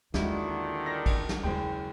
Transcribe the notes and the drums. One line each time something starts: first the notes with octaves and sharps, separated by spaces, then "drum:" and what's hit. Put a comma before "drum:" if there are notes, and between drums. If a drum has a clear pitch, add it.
D#2 A#2 D3 D#3 G#3 E4 F#4, drum: snare
A#6
drum: kick A1, cymbal
drum: snare
F#1 D#2 G#3 G5